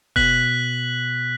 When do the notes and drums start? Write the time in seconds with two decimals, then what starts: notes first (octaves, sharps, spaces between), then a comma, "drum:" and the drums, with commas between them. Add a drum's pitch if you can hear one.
0.16 B2 F#6 B6 F#7, drum: kick E1